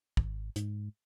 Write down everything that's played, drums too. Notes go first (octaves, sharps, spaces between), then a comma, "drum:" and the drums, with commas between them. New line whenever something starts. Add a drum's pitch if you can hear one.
G#1, drum: kick
G#2, drum: hi-hat